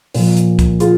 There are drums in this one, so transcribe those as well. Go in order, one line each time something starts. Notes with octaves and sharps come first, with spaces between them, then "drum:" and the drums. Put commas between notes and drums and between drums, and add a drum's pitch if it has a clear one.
A#2 F3, drum: open hi-hat
drum: hi-hat
drum: kick C2, hi-hat
F4 G#4, drum: hi-hat